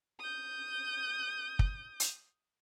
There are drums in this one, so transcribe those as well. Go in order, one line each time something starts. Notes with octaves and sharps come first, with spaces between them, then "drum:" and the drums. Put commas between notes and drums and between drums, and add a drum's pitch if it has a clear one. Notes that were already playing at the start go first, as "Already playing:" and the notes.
D#6 G6
drum: kick
drum: hi-hat